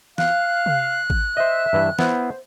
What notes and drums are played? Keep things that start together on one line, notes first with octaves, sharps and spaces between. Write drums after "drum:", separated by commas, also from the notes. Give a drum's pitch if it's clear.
F5 F#6, drum: snare
drum: tom C3
drum: kick G#1
C5 D#5 E5
G2 E3
B3 E4 C5, drum: snare